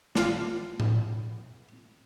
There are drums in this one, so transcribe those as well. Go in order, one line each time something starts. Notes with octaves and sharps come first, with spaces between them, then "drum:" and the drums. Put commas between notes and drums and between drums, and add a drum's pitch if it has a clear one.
D4 F4 F5, drum: snare
drum: tom A2